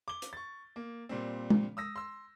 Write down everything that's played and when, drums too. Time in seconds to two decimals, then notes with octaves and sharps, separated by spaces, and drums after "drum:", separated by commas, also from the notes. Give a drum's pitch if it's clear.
0.08 D6 G7
0.22 drum: hi-hat
0.33 C#6 A6
0.76 A#3
1.09 A#2 G3 C4
1.50 drum: tom G#3
1.77 D#6 E6 A#6
1.96 C6 E6